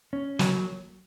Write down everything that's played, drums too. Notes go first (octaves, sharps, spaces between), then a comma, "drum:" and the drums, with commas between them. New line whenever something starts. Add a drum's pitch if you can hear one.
C#4
F#3, drum: snare